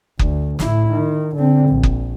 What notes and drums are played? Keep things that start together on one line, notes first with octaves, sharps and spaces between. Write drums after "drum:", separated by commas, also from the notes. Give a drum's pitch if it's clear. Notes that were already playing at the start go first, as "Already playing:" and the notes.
D2, drum: kick F#1
A2 E4, drum: snare
D#3
D3 C4
A#1
drum: kick F#1